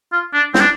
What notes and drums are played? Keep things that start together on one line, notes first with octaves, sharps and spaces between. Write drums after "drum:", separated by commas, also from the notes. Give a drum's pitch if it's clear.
F4
D4
C4, drum: snare
D4